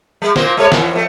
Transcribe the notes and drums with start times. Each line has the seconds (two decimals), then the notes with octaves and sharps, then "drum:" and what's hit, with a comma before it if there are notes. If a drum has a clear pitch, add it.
0.22 G3
0.36 A#2 A#3 C5, drum: snare
0.57 G3 A3 C#5
0.72 E2, drum: snare
0.93 F2 A3